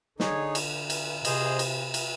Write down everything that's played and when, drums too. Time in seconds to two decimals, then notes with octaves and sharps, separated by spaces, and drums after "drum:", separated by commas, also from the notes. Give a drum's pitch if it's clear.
0.20 D3 D#4 G#4 C#5, drum: snare
0.55 drum: cymbal
0.90 drum: cymbal
1.25 C3 G#4 C5 D#5, drum: cymbal
1.59 drum: cymbal
1.94 drum: cymbal